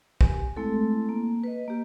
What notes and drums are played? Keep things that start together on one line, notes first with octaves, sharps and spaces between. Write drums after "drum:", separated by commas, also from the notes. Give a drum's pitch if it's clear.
G4 G#5, drum: kick
G#3 A3 C4 E4 A4
A#3
B4 D#5
A#3 G4